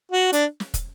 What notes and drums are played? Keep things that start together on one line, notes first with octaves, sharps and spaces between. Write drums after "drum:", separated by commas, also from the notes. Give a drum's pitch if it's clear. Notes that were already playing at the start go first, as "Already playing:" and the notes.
F#4
D4, drum: hi-hat
drum: snare
drum: kick, hi-hat